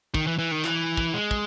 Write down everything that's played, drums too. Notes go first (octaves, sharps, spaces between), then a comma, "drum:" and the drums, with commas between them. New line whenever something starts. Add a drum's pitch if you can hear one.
D#3, drum: kick
E3
E3
D#3
E3, drum: clap
drum: kick
G#3
drum: kick